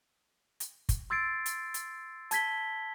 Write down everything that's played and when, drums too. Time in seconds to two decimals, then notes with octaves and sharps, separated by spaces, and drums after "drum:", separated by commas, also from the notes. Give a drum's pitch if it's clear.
0.60 drum: hi-hat
0.89 drum: kick, hi-hat
1.10 C6 E6 G#6 A6 C7 D7
1.46 drum: hi-hat
1.74 drum: hi-hat
2.31 A5 G#6 B6 G7, drum: hi-hat